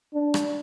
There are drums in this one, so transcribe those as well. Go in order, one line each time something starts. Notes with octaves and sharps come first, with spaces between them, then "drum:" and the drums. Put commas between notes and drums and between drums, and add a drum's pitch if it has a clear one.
D4
drum: rim click